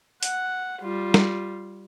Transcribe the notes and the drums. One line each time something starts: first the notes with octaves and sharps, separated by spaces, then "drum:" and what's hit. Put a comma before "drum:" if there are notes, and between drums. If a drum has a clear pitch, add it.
F#5, drum: hi-hat
G3 F4
drum: snare